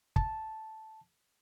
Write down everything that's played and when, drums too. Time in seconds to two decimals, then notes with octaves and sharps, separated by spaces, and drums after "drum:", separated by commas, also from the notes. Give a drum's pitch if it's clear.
0.16 A5, drum: kick